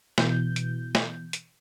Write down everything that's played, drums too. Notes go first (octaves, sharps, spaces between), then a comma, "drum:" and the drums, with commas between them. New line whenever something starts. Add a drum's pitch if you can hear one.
B2 E3 G6, drum: snare
drum: hi-hat
drum: snare
drum: hi-hat